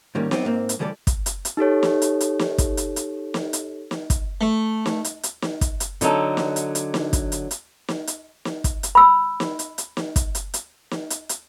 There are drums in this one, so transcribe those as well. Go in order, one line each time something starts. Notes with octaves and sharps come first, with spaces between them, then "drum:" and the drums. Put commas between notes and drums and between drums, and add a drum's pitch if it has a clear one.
G#2 D#3 G3 A#3 C#4
F#3 B3 C4 G4, drum: snare
G#2 A#3 C4
drum: hi-hat
D2 E3 G3 A4 D5
drum: kick, hi-hat
drum: hi-hat
drum: hi-hat
D#4 G4 A4 C#5
drum: snare
drum: hi-hat
drum: hi-hat
drum: snare
drum: kick, hi-hat
drum: hi-hat
drum: hi-hat
drum: snare
drum: hi-hat
drum: snare
drum: kick, hi-hat
A3
drum: snare
drum: hi-hat
drum: hi-hat
drum: snare
drum: kick, hi-hat
drum: hi-hat
D3 F#3 D#4 A4, drum: hi-hat
drum: snare
drum: hi-hat
drum: hi-hat
drum: snare
drum: kick, hi-hat
drum: hi-hat
drum: hi-hat
drum: snare
drum: hi-hat
drum: snare
drum: kick, hi-hat
drum: hi-hat
B5 E6
drum: snare
drum: hi-hat
drum: hi-hat
drum: snare
drum: kick, hi-hat
drum: hi-hat
drum: hi-hat
drum: snare
drum: hi-hat
drum: hi-hat